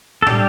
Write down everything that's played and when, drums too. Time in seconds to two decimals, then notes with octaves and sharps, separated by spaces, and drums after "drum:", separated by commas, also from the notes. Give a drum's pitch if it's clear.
0.22 A4
0.27 G3 D4 G4, drum: tom